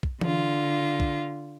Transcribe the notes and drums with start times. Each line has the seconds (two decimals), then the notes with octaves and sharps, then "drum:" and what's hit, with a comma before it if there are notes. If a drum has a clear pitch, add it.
0.03 drum: kick
0.21 D3 F4, drum: tom E3
1.00 drum: kick